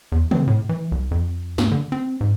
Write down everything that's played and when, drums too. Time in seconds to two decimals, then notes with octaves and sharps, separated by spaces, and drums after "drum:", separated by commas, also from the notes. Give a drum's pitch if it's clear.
0.12 E2
0.31 C4, drum: tom
0.47 A2
0.69 E3
0.92 C2
1.11 F2
1.58 G2, drum: snare
1.72 D3
1.92 C4
2.21 G#2